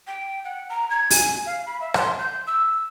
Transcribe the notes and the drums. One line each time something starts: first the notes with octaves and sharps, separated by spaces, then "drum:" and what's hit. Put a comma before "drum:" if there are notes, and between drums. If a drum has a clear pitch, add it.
G5
F#5
A#5
G#6
G#5, drum: open hi-hat
F5
B5
E5
C6, drum: rim click
G6
E6